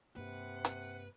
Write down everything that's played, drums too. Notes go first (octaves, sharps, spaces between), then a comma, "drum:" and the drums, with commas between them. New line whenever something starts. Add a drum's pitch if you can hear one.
G2 C3 A#3 B4 F#5
drum: hi-hat